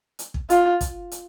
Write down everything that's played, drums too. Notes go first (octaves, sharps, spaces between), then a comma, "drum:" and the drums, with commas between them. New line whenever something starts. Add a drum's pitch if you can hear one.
drum: hi-hat
drum: kick
F4, drum: hi-hat
drum: kick, hi-hat
drum: hi-hat